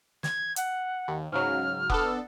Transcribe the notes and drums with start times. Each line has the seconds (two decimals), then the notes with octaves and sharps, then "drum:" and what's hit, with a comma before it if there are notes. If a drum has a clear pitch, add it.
0.23 G#6, drum: snare
0.56 F#5, drum: hi-hat
1.08 D#2
1.32 G#2 C#3 F#3 F6
1.90 B3 D4 A4, drum: kick F1